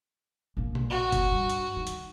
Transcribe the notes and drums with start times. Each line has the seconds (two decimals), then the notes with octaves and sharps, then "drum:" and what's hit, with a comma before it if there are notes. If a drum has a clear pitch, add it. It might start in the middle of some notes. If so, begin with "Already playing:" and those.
0.57 A#1 A#3
0.75 drum: tom B2
0.90 F#4
1.12 drum: kick F#1, hi-hat
1.31 G2
1.50 drum: hi-hat
1.77 D#3
1.87 drum: hi-hat